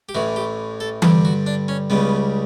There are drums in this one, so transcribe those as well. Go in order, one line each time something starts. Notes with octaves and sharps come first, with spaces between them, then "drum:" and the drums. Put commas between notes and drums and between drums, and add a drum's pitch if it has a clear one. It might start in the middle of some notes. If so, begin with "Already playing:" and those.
G4
A1 A2 E3 F#4
G4
A4
G2 D3 G3 G4, drum: tom E3
F#4
D4
C#4
C#2 C#3 G3 B3